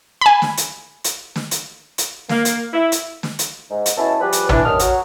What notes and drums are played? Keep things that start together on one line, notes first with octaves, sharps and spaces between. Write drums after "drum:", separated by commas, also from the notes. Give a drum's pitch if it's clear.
G#5 B5
drum: snare
drum: hi-hat
drum: hi-hat
drum: snare
drum: hi-hat
drum: hi-hat
A#3, drum: snare
drum: hi-hat
E4
drum: hi-hat
drum: snare
drum: hi-hat
G#2
drum: hi-hat
B2 C#4 E4 G#4 E5 A5
F3 G3 G4 G#4 B4
drum: hi-hat
E3 D4, drum: tom A#1
G2 D#3 C#4 A5 D#6 F6
F#3, drum: hi-hat